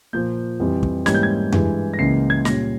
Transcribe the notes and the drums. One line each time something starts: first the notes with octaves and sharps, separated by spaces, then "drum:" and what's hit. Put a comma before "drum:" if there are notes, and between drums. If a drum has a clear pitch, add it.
A#2 F3 A#3 G6
F2 E3 G3
drum: kick
G#2 E3 G3 A#3 C#4 G#6, drum: snare
G6
G#6
G2 E3 G#3, drum: tom F2
A#6
C#2 C#3 E3 A#3 C7
G#6
A#2 G3 C#4 A#6, drum: snare